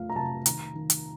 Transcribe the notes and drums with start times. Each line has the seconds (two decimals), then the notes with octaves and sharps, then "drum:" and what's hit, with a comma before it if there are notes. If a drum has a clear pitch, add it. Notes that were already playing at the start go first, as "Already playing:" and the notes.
Already playing: F2 F3 A3 F5
0.10 A#5
0.16 C3 A5
0.46 D#3 A#5, drum: hi-hat
0.75 D#3
0.90 drum: hi-hat